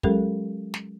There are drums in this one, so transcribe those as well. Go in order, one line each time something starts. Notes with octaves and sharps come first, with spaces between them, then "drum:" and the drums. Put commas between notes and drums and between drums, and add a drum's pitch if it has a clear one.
F#3 G#3 C#4 G4 A4 A#4, drum: kick
drum: snare